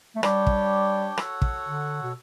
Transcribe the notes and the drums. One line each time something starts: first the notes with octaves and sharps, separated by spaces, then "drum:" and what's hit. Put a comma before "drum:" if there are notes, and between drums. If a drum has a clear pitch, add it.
A3
G3 D4 G4 C#5 G5, drum: rim click
drum: kick
F#4 A4 C#5 F#5, drum: rim click
drum: kick
D3
B2